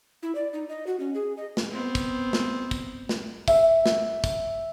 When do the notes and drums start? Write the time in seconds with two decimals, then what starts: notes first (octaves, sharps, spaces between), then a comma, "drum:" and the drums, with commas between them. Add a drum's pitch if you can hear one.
0.23 E4
0.35 D5
0.53 D#4
0.69 D#5
0.87 F#4
1.00 C#4
1.15 G#4
1.37 D#5
1.57 drum: snare
1.71 B3 C4
1.95 drum: kick, tambourine
2.33 drum: snare
2.71 drum: kick, tambourine
3.09 drum: snare
3.48 E5, drum: kick, tambourine
3.86 drum: snare
4.24 drum: kick, tambourine